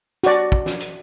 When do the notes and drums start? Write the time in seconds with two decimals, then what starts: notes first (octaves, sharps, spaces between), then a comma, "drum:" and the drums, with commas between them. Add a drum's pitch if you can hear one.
0.24 F#4 D5, drum: hi-hat
0.52 drum: kick
0.66 drum: snare
0.80 drum: hi-hat